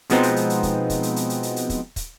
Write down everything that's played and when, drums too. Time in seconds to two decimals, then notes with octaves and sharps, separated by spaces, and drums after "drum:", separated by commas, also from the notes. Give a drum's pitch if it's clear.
0.10 B2 F3 G#3 B3 C4 D#4, drum: hi-hat
0.23 drum: hi-hat
0.36 drum: hi-hat
0.50 drum: hi-hat
0.63 drum: kick, hi-hat
0.90 drum: kick, hi-hat
1.03 drum: hi-hat
1.16 drum: hi-hat
1.30 drum: hi-hat
1.43 drum: hi-hat
1.56 drum: hi-hat
1.70 drum: kick, hi-hat
1.96 drum: kick, hi-hat